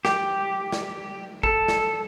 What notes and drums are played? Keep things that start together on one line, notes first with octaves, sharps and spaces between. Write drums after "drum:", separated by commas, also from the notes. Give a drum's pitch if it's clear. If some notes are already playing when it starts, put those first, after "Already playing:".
G4, drum: snare
drum: snare
A4, drum: kick A1
drum: snare